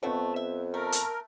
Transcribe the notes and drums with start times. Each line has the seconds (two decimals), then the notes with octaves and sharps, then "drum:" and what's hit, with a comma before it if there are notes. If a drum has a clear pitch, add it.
0.03 F2 B2 A3 B3 C4 F#4
0.36 E5
0.74 A3 A#4
0.92 drum: hi-hat